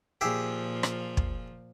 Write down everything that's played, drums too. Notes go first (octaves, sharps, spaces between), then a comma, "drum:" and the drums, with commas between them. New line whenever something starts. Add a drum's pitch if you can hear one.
A#2 F3 G4 G#4 E5
drum: rim click
drum: kick